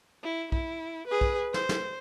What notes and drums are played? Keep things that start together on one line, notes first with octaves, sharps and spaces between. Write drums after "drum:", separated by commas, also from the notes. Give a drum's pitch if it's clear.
E4
E4, drum: kick
G#4 B4
drum: kick
C5, drum: snare
drum: snare